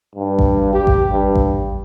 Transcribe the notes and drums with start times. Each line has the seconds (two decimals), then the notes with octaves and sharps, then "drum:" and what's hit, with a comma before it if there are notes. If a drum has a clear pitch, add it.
0.15 G2
0.39 drum: kick A1
0.73 G4
0.87 drum: kick A1
1.11 G2
1.35 drum: kick A1